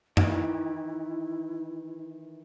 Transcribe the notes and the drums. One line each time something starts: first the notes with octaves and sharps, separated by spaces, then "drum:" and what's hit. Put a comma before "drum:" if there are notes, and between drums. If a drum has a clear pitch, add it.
D#3 E3 E4, drum: tom F#2